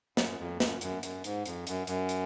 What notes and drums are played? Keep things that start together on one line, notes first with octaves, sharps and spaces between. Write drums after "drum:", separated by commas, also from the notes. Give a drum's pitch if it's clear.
F#2, drum: snare
F2
F#2, drum: snare
F#2, drum: hi-hat
F#2, drum: hi-hat
G#2, drum: hi-hat
F2, drum: hi-hat
F#2, drum: hi-hat
F#2, drum: hi-hat
drum: hi-hat